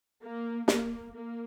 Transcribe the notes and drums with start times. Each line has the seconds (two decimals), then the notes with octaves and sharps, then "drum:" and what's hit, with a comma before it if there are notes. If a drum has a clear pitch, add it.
0.24 A#3
0.68 A#3, drum: snare
1.14 A#3